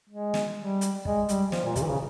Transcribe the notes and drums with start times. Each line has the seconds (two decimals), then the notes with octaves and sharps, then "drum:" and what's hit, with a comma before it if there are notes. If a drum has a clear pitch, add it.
0.10 G#3
0.34 drum: snare
0.58 G3
0.81 drum: hi-hat
1.05 G#3, drum: kick
1.29 G3, drum: hi-hat
1.52 F3, drum: snare
1.64 A#2
1.76 C3, drum: kick, hi-hat
1.82 E3
1.88 C#3